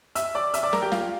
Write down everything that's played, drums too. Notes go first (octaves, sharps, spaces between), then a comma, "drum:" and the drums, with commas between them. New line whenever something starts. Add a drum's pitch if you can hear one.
E5 E6, drum: hi-hat
D5 D6
E5 E6, drum: hi-hat
D5 D6
A#4 A#5, drum: snare
G4 G5
F4 F5, drum: snare